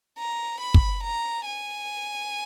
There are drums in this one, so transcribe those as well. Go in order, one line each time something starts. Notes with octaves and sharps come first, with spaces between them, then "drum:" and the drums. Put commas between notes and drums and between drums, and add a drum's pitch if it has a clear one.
A#5
B5
drum: kick
A#5
G#5